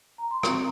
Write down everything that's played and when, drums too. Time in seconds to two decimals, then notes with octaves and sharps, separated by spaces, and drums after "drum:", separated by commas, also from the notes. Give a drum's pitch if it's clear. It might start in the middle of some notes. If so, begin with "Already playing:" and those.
0.18 A#5
0.31 C6
0.43 C4 F#4 A#5 C#6, drum: rim click
0.54 C#6